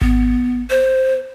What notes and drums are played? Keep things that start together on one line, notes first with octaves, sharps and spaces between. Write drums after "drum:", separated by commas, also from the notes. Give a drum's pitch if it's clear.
B3, drum: kick G#1
C5